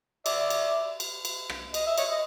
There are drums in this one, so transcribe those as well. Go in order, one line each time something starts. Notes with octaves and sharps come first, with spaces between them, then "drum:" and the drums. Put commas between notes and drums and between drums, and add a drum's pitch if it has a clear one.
D5 E5, drum: cymbal
drum: cymbal
drum: cymbal
drum: cymbal
drum: rim click
D#5, drum: cymbal
E5
C#5 D#5, drum: cymbal
D#5